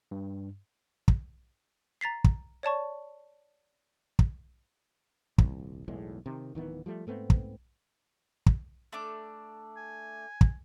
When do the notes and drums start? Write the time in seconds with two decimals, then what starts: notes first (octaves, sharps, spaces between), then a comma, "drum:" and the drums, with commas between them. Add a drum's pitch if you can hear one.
0.11 G2
1.08 drum: kick
2.01 A#5 A6 B6 C7
2.24 drum: kick
2.63 C#5 D5 A5 C#6
4.19 drum: kick
5.38 D#1 C2, drum: kick
5.88 B1 E2 A2 G#3
6.26 C3 D#3
6.55 D1 D#3 E3 B3
6.86 F3 G3 A3
7.07 G#2 A3 B3 C4
7.30 drum: kick
8.46 drum: kick
8.93 A3 D4 D6
9.77 G#5
10.41 drum: kick